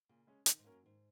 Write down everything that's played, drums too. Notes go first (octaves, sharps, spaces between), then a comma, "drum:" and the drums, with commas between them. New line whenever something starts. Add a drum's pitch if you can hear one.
A#2 C#3
G#3 C#4
A#2 D#3, drum: hi-hat
G#2
A#3 C#4 F#4 A#4
F#2
G#2 D#3